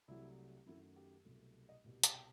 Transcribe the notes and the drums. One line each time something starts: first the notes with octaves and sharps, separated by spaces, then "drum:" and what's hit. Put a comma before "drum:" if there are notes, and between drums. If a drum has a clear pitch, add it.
C2 C3 F#3 A3 E4
F#2 D#3 F#3 A3 E4
G4
C2 B2 F#3 A3
D#5
C2 B2 G3
drum: hi-hat
G5